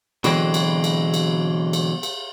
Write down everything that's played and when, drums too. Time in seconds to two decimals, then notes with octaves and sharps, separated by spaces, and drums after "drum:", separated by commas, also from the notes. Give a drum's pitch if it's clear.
0.24 B2 D3 E3 F#3 G#3 C4, drum: cymbal
0.54 drum: cymbal
0.84 drum: cymbal
1.14 drum: cymbal
1.73 drum: cymbal
2.03 drum: cymbal